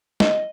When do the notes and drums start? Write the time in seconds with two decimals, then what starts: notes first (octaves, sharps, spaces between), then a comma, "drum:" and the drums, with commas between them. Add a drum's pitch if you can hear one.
0.20 D#5, drum: snare